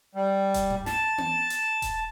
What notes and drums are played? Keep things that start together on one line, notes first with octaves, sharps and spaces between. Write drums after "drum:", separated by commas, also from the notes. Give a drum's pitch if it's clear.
G3
drum: kick D#1, hi-hat
drum: tom G2
A5, drum: snare
drum: tom B3
drum: hi-hat
drum: kick D#1, hi-hat